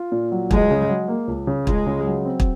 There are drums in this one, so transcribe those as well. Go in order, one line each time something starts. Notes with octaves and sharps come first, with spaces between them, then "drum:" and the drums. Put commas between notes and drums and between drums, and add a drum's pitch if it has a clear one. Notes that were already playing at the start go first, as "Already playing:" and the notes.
Already playing: F4
A#2
F#3
C#2 G#3, drum: kick
C#3
F#3
A#3
C#2
C#3
C#2 G#3, drum: kick
C#3
F#3
C4
drum: kick